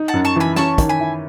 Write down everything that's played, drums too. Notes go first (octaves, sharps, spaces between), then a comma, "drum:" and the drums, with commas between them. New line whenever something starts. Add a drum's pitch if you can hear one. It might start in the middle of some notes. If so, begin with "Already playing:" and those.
Already playing: D#4
F#5 A5
F#2
A5 C#6
E3 G#5 B5
C#4 A5 C#6, drum: snare
D#3, drum: kick, hi-hat
G#5 B5
E4